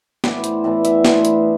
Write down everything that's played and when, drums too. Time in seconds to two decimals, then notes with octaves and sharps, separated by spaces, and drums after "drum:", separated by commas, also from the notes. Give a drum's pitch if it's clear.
0.24 A2 E3 B3 D4 D5, drum: snare
0.44 C5, drum: hi-hat
0.64 A2 E3 B3 D4 D5
0.85 E5, drum: hi-hat
1.05 A2 E3 B3 D4 C5, drum: snare
1.25 drum: hi-hat